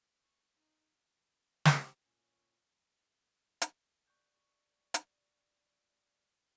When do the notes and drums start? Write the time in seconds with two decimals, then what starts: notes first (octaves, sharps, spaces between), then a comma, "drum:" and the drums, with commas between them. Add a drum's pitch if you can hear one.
0.22 C#6
0.57 D#4
1.65 drum: snare
2.06 A#2 C#4 F4 C#5
3.62 drum: hi-hat
4.07 D5 C#6 F#6 G6
4.94 drum: hi-hat